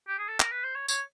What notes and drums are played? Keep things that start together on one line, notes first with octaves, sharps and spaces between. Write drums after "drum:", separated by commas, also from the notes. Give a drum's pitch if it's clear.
G4
G#4
A4
A#4, drum: clap
B4
C5
C#5
C#5, drum: tambourine